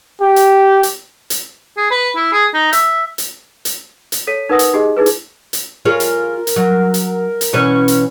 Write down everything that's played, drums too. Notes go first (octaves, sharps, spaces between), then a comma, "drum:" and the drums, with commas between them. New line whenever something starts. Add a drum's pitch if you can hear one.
G4
drum: hi-hat
drum: hi-hat
drum: hi-hat
G#4
B4
E4
G#4
D#4
E5, drum: hi-hat
drum: hi-hat
drum: hi-hat
drum: hi-hat
A4 C#5 B6 D#7
D#4 A#4 B4 F#5 D#6 A#6
drum: hi-hat
D#4 G4 G#4 D#5
D#4 E4 G#4 B4
drum: hi-hat
drum: hi-hat
F4 G#4 A#4 C#5
drum: hi-hat
drum: hi-hat
F#3
drum: hi-hat
drum: hi-hat
B2 E3 C#4
drum: hi-hat